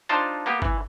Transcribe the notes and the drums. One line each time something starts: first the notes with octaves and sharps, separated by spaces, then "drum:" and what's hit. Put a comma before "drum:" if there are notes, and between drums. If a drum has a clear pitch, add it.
D4 D#4 F4 C5 A5
A#3 B3 G4
E3, drum: kick G1